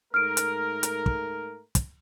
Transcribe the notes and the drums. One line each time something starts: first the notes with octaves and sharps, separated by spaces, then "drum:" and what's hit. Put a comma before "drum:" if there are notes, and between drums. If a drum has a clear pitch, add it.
G#2 A3 A#4 F6 D7
drum: hi-hat
drum: hi-hat
drum: kick
drum: kick, hi-hat